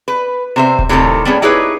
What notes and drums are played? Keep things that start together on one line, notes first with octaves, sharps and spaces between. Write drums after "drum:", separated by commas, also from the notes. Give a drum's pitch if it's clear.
B4
C3 C5 E5
drum: kick D#1
A2 C3 D#3 C#4 A4 C#5
G3 B3 C#4 G#4
D#4 E4 G4 G#4 B4 C#5